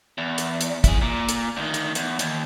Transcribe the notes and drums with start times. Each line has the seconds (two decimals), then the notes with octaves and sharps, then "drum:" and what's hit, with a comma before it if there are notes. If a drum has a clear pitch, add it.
0.18 E2
0.38 drum: hi-hat
0.61 drum: hi-hat
0.84 E4 G#4, drum: kick, hi-hat
1.02 A#2
1.29 drum: hi-hat
1.57 D2 D#3
1.74 drum: hi-hat
1.95 E2, drum: hi-hat
2.19 D#2, drum: hi-hat